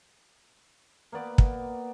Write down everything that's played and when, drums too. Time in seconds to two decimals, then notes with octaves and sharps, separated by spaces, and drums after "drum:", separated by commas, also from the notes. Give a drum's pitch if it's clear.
1.12 A#3 B3 D5 D6
1.38 drum: kick